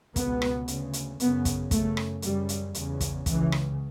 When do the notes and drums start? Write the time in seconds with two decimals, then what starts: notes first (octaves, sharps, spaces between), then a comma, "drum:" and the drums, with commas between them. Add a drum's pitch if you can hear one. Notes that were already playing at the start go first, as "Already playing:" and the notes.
0.16 C#2 B2 B3, drum: kick, hi-hat
0.42 drum: rim click
0.68 D2 C#3, drum: hi-hat
0.93 drum: hi-hat
1.20 F#2 C#3 B3, drum: hi-hat
1.45 drum: kick, hi-hat
1.71 F#2 C#3 A3, drum: kick, hi-hat
1.97 drum: rim click
2.22 F#2 C#3 G3, drum: hi-hat
2.49 drum: hi-hat
2.74 E2 C#3, drum: hi-hat
3.01 drum: kick, hi-hat
3.26 C#2 C#3 E3, drum: kick, hi-hat
3.52 drum: rim click